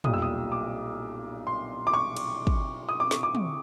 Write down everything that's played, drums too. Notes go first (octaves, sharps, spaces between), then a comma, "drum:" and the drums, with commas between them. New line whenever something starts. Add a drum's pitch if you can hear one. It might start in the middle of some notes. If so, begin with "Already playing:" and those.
B1 A#2 G3 D#6, drum: tom
E6
D#6
D6
C6
D6
C#6
drum: cymbal
drum: kick
D#6
D6
C#6, drum: snare
D6
drum: tom